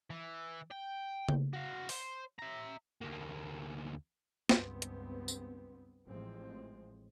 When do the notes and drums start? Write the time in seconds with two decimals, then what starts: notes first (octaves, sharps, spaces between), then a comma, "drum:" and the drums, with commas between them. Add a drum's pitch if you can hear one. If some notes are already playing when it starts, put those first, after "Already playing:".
0.10 E3
0.71 G5
1.29 drum: tom C#3
1.53 F#4 F5
1.89 C5, drum: open hi-hat
2.39 E5 A#5
3.01 D2 A#3
4.49 C#2 G2 B3 C4, drum: snare
4.82 drum: hi-hat
5.28 drum: tambourine
6.07 A1 A2 F3 G#3 C4